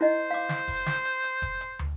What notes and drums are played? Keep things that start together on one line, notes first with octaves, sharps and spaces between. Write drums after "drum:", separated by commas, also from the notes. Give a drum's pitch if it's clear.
E4 C5 D#5
F5 D6
drum: snare
drum: kick F1, open hi-hat
drum: snare
drum: hi-hat
drum: hi-hat
drum: kick F1, hi-hat
drum: hi-hat
drum: tom